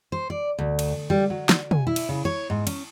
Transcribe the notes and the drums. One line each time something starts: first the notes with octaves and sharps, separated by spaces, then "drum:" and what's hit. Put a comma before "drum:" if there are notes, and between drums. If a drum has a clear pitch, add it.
C5
D5
D2
drum: cymbal
G3
F#3
drum: snare
G#5, drum: tom
E4
drum: cymbal
C#3
C#5
G#2
C#4, drum: cymbal